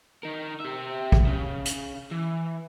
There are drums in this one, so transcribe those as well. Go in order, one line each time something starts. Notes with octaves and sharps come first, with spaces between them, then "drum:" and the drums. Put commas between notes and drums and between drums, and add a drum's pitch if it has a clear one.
D#4 A#4
G4 E5
drum: kick
C#3
drum: hi-hat
E3